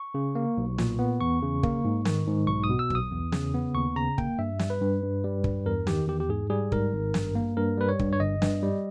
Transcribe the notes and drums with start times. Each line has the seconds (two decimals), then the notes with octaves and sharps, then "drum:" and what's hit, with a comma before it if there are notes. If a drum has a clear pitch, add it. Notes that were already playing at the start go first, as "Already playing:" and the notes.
Already playing: C#6
0.14 C#3
0.35 A#3
0.57 B1
0.78 A#2, drum: snare
0.99 B3
1.21 E2 C#6
1.42 C#3
1.63 A#3, drum: kick
1.85 G#2
2.05 D#3, drum: snare
2.27 G#2
2.47 B1 C#6
2.64 D#6
2.70 B2
2.79 E6
2.90 B1 D#6, drum: kick
3.11 E2
3.32 C#3, drum: snare
3.54 B3
3.75 D#2 C#6
3.96 C#3 A#5
4.18 A#3 G5, drum: kick
4.39 G2 E5
4.59 G3, drum: snare
4.70 B4
4.81 G2
5.03 G2
5.24 G3
5.44 G2, drum: kick
5.66 E2 A#4
5.87 D#3 G4, drum: snare
6.08 E2 G4
6.20 G4
6.29 G#2 G#4
6.50 G3 G#4
6.72 G#2 A#4, drum: kick
6.93 G#1
7.14 G2, drum: snare
7.35 A#3
7.57 G2 A#4
7.77 G3 B4
7.89 C#5
7.99 G2, drum: kick
8.13 C#5
8.20 G1 D#5
8.42 G2, drum: snare
8.63 G3